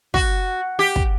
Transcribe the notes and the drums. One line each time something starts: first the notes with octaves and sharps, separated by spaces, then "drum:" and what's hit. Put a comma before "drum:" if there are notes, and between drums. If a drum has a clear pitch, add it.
F#4, drum: kick
G4
drum: kick